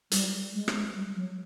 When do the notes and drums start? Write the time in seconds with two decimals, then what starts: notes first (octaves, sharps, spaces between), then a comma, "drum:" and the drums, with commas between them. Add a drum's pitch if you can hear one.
0.11 G3, drum: hi-hat
0.54 G#3
0.68 drum: rim click
0.96 G3
1.16 F#3